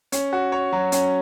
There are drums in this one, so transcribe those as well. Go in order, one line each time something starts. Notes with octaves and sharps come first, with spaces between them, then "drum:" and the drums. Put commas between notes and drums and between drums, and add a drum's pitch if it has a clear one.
C#4, drum: hi-hat
F#4
C#5
F#3
C#4, drum: hi-hat